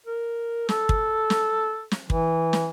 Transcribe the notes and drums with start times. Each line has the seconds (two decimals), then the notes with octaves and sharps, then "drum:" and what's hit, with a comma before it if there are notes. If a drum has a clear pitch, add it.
0.06 A#4
0.69 A4, drum: snare
0.89 drum: kick
1.30 drum: snare
1.91 drum: snare
2.10 E3, drum: kick
2.53 drum: snare